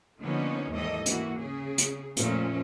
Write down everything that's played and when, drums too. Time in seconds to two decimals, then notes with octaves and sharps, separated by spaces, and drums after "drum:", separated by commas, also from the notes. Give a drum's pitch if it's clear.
0.22 D3 F3 A#3 B3 C#4 D#4
0.71 D#2 G#2 E3 G3 A4 D#5
1.06 E3 A#3 F#4, drum: hi-hat
1.40 C#3 G#4
1.78 drum: hi-hat
2.17 F2 A#2 F3 A3 A#3 C#4, drum: hi-hat